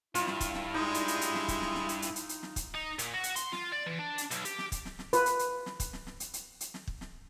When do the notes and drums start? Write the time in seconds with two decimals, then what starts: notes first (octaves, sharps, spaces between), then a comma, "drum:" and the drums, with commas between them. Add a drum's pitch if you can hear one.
0.15 G2 E4 F4, drum: hi-hat
0.27 drum: snare
0.40 drum: kick, hi-hat
0.54 drum: snare
0.74 G#3 D#4
0.94 drum: hi-hat
1.08 drum: hi-hat
1.21 drum: hi-hat
1.35 drum: snare
1.48 drum: kick, hi-hat
1.62 drum: snare
1.75 drum: snare
1.89 drum: hi-hat
2.02 drum: hi-hat
2.16 drum: hi-hat
2.29 drum: hi-hat
2.43 drum: snare
2.56 drum: kick, hi-hat
2.74 D#4
2.99 A#2, drum: hi-hat
3.14 F#4
3.24 drum: hi-hat
3.36 C6, drum: hi-hat
3.53 F4, drum: snare
3.72 D5
3.86 E3
3.99 D4
4.18 drum: hi-hat
4.31 B1, drum: hi-hat
4.45 G4, drum: hi-hat
4.58 drum: snare
4.72 drum: kick, hi-hat
4.85 drum: snare
4.99 drum: snare
5.13 F4 B4, drum: hi-hat
5.26 drum: hi-hat
5.39 drum: hi-hat
5.66 drum: snare
5.80 drum: kick, hi-hat
5.93 drum: snare
6.07 drum: snare
6.20 drum: hi-hat
6.34 drum: hi-hat
6.61 drum: hi-hat
6.74 drum: snare
6.87 drum: kick
7.01 drum: snare